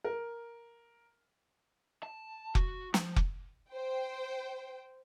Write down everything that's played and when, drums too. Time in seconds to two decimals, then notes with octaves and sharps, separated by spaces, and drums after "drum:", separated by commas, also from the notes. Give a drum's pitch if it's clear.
0.04 A#4
2.03 A5
2.55 F#4, drum: kick F1
2.94 F3, drum: snare
3.16 drum: kick F1
3.70 C5 G5